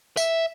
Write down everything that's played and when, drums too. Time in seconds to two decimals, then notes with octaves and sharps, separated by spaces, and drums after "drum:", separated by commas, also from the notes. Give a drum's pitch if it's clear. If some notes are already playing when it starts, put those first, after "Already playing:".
0.17 E5, drum: tambourine